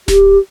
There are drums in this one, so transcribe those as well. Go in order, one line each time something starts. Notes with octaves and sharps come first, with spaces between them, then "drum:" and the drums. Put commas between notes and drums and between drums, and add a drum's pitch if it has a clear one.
G4, drum: snare D1